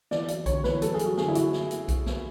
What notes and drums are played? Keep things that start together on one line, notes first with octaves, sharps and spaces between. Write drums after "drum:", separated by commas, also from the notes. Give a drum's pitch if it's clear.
E2 D5, drum: snare
F#3 D5, drum: hi-hat
D3 C#5, drum: kick B1, hi-hat
E2 B4, drum: snare
F#2 A4, drum: hi-hat
G#4
F#3, drum: hi-hat
F#4
D3 G#4, drum: snare
E4
F#4, drum: hi-hat
drum: snare
drum: hi-hat
drum: kick B1, hi-hat
drum: snare